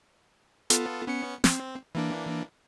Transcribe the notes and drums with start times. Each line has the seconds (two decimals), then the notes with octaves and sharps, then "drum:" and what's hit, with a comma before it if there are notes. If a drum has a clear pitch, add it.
0.70 B3 F4 A4, drum: hi-hat
1.07 B3 C#4 C#7
1.44 C4, drum: snare
1.95 E3 A#3 D4